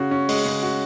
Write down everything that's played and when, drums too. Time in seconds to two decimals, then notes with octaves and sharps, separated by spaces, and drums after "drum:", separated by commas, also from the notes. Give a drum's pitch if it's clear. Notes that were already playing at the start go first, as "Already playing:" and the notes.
Already playing: C#3 F#4
0.11 C#4
0.29 G#3, drum: open hi-hat
0.46 C#3
0.63 F#4